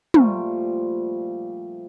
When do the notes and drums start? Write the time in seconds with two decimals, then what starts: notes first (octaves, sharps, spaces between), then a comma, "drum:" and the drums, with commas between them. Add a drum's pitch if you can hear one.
0.14 A#2 F3 G3 A3, drum: tom